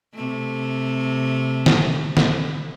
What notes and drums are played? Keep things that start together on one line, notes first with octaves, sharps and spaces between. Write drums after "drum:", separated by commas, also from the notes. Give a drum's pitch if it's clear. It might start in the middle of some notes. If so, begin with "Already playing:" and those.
C3 A3
drum: snare
drum: snare